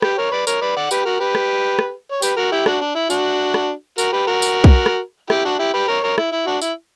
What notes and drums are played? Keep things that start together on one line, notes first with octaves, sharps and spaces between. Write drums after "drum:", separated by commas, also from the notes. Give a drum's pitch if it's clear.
G4 B4, drum: rim click
A#4 C#5
B4 D5
A#4 C#5, drum: tambourine
B4 D5
D5 F#5
G4 B4, drum: tambourine
F#4 A#4
G4 B4
drum: rim click
drum: rim click
C#5
G4 B4, drum: tambourine
F#4 A#4
E4 G4
D4 F#4, drum: rim click
D4
E4
D4 F#4, drum: tambourine
drum: rim click
F#4 A#4, drum: tambourine
G4 B4
F#4 A#4
drum: tambourine
drum: kick
drum: rim click
E4 G4, drum: rim click
D4 F#4
E4 G4
G4 B4
A#4 C#5
A#4 C#5
E4, drum: rim click
E4
D4 F#4
E4, drum: tambourine